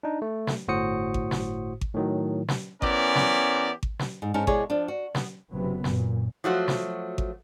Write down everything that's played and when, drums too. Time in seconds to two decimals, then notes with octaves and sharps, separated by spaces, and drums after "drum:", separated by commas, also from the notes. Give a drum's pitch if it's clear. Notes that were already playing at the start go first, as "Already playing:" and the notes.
0.03 D4 D#4
0.22 A3
0.47 drum: snare
0.68 G1 A2 F#4 C5 D#6 C#7
1.14 drum: kick G#1
1.31 drum: snare
1.81 drum: kick G#1
1.94 A2 D#3 F#3
2.48 drum: snare
2.82 E3 B3 C#4 G4 A#4 D5, drum: kick G#1
3.16 drum: snare
3.83 drum: kick G#1
3.99 drum: snare
4.22 G#2
4.34 G#2 C#4 D#4 A#4 A5
4.47 B2 G#3 E4 G#4 C#5 D5, drum: kick G#1
4.70 F3 D4
4.88 F#4
5.15 B3, drum: snare
5.54 F#1 C3 F#3 B3
5.84 F#2 A#2, drum: snare
6.44 F3 F#3 A3 F#4
6.68 drum: snare
7.18 drum: kick G#1